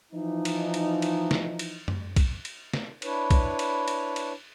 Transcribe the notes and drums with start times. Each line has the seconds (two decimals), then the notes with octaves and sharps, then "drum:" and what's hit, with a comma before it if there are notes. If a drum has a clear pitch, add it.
0.13 E3 F3 D#4
0.45 drum: cymbal
0.74 drum: cymbal
1.02 drum: cymbal
1.31 drum: snare
1.59 drum: cymbal
1.88 drum: tom
2.16 drum: kick, cymbal
2.45 drum: cymbal
2.74 drum: snare
3.02 D4 E4 B4 C#5, drum: cymbal
3.31 drum: kick, cymbal
3.59 drum: cymbal
3.88 drum: cymbal
4.16 drum: cymbal